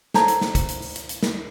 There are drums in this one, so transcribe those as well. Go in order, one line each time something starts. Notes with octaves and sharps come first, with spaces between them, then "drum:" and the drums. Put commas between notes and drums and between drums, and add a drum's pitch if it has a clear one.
A4 C5 C#5 A#5, drum: snare
drum: hi-hat
drum: snare
drum: kick, hi-hat
drum: hi-hat
drum: open hi-hat
drum: hi-hat
drum: hi-hat
drum: snare